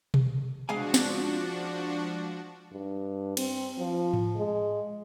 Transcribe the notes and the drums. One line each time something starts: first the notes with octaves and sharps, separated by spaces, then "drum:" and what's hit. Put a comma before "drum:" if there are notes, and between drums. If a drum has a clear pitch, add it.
drum: tom B2
F3 G#3 D4 F#4 F5 G#5
drum: snare
G2
C4, drum: cymbal
F3
drum: tom G#2
G#3